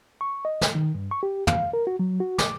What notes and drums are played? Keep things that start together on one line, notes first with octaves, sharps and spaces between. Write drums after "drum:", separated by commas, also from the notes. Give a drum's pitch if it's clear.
C#6
D#5
drum: snare
D#3
G2
C#6
G4
F5, drum: tom
A#4
F#4
F#3
F#4
D6, drum: snare